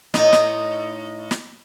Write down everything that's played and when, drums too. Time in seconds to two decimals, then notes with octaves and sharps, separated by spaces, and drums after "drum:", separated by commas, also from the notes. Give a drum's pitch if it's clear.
0.14 A2 D#4, drum: snare
0.33 drum: snare
1.31 drum: snare